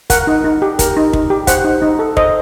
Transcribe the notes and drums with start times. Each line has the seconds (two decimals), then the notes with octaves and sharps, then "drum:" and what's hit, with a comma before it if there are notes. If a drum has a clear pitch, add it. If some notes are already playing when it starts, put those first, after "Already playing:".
0.10 A#4 F#5, drum: kick, hi-hat
0.27 D#4
0.44 D#4
0.62 G4
0.79 A#4, drum: kick, hi-hat
0.97 D#4
1.13 D#4, drum: kick
1.30 G4
1.47 C5 F#5, drum: kick, hi-hat
1.64 D#4
1.82 D#4
1.99 A4
2.17 C5 D#5, drum: kick